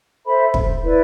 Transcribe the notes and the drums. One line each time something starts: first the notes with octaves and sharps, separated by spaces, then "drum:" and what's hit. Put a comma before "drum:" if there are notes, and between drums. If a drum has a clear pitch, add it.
A4 C5 E5 B5
drum: kick
E4 B4 D5